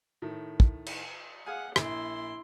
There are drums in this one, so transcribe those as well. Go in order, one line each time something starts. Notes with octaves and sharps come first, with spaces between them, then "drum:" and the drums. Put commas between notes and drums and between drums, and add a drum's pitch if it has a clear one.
A2 D#3
drum: kick
drum: cymbal
G#4 F5 F#5 G#5
A#1 E4 C6, drum: rim click